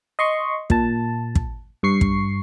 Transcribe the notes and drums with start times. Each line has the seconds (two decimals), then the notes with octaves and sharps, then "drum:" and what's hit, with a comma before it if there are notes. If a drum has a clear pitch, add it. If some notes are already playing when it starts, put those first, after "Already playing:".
0.19 D#5 C6 C#6
0.70 A#2 A5, drum: kick
1.35 drum: kick
1.83 G2 C#6 C7
2.01 drum: kick